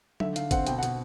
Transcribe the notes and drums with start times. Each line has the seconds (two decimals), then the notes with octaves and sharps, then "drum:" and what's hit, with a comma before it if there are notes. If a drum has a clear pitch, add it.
0.20 D3 E5, drum: tom F#3
0.36 D3 F5, drum: hi-hat
0.51 C4 F#5, drum: kick, hi-hat
0.67 B2 G5, drum: hi-hat
0.78 F#5
0.83 B2, drum: hi-hat